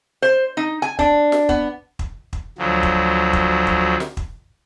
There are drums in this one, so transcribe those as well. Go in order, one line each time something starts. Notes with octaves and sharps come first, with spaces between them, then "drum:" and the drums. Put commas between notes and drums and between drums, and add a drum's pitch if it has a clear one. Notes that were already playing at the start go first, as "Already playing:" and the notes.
C5
D#4
G#5
D4, drum: kick
drum: snare
B3, drum: kick
drum: kick
drum: kick
D2 F3 F#3
drum: kick
drum: kick
drum: kick
drum: snare
drum: kick